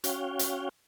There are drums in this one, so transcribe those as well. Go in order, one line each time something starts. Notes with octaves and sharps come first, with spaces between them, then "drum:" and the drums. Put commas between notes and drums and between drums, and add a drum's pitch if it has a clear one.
C#4 F#4 C#5 F5 G5, drum: hi-hat
drum: hi-hat